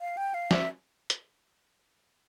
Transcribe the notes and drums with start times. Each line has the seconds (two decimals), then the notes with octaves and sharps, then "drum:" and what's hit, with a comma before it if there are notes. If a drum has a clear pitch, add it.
0.01 F5
0.17 G5
0.34 F5
0.51 E5, drum: snare
1.10 drum: hi-hat